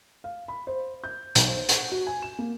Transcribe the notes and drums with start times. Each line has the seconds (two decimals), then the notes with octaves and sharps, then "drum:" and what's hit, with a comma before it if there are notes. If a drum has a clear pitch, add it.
0.24 F5
0.48 B5
0.67 C5
1.04 G6
1.35 B1, drum: hi-hat
1.48 C5
1.69 F#5, drum: hi-hat
1.92 F#4
2.07 G#5
2.22 E7
2.39 A#3